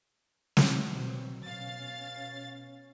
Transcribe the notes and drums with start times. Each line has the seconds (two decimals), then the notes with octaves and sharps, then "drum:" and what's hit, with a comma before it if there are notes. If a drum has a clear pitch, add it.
0.57 drum: snare
0.87 B2 F#3 C4
1.44 B2 C#4 F5 A6